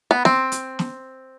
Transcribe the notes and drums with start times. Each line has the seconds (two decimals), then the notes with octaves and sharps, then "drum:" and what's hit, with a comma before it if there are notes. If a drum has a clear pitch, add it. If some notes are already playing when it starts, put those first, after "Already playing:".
0.11 B3
0.25 C4, drum: snare
0.52 drum: hi-hat
0.79 drum: snare